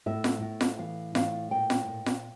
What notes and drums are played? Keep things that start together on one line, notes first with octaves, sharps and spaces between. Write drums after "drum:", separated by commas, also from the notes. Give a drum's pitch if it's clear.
A2 E5
drum: snare F4
A2
drum: snare F4
E3 F5
A2 F5, drum: snare F4
A#2 G5
drum: snare F4
A#2
drum: snare F4